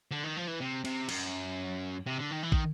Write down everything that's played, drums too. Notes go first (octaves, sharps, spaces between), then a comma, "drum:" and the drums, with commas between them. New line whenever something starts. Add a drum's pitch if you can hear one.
D3
D#3
F3
E3
C3
C3, drum: cymbal
F#2, drum: cymbal
C3
D3
D#3
E3
D#3, drum: kick